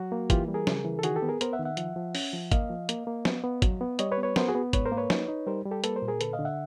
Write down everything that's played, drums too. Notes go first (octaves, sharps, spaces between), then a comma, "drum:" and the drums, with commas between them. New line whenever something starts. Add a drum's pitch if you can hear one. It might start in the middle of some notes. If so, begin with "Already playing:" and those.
Already playing: F#3 F#4
A#3
E3 F4 G4, drum: kick G1, hi-hat
G3
G#4 A#4
C#3, drum: snare
E3
A4
D#3 F#4 G#4, drum: hi-hat
G4 A4
B3
G#4 A#4
B3 A#4 C5, drum: hi-hat
E5 F#5
D#3
E5 F#5
F3, drum: hi-hat
F3
C#4, drum: open hi-hat
F3
A#3 D#5 F5, drum: kick G1, hi-hat
F3
A#3, drum: hi-hat
A#3
B3, drum: snare
B3
F#3, drum: kick G1, hi-hat
B3
G3 C#5 D#5, drum: hi-hat
B4 C#5
B3
B4 C#5
B3 A#4 C5, drum: snare
F#4 G#4
B3
G#2 B4 C#5, drum: kick G1, hi-hat
A#4 C5
A#3
B4 C#5
D#4, drum: snare
D#4
G3 A#4 C5
G3
G4 A4
A#3 A4 B4, drum: hi-hat
A#4 C5
A#2
G#4 A#4
D3 A4 B4, drum: hi-hat
D#5 F5
D3
E5 F#5